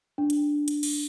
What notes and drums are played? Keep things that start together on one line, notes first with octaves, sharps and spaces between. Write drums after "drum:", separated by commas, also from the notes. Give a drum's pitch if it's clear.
D4
drum: hi-hat
drum: hi-hat
drum: cymbal